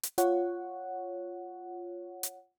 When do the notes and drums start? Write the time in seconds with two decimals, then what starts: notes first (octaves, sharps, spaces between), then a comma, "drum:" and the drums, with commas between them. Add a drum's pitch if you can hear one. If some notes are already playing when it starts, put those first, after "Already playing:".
0.03 drum: hi-hat
0.18 F4 C#5 F#5, drum: hi-hat
2.23 drum: hi-hat